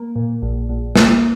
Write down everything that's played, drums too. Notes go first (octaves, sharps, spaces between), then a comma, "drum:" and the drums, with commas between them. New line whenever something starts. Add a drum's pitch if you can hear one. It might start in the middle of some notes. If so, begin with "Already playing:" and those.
Already playing: A#3
A#2
A#1
A#1
A#3, drum: snare